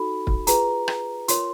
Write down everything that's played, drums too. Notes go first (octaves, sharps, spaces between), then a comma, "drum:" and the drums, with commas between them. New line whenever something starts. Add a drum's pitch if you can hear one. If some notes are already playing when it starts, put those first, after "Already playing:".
Already playing: D#4 F#4 A4 B5
drum: kick
F4 G#4 B4 A#5, drum: hi-hat
drum: rim click
F4 A#4 C#5 C6, drum: hi-hat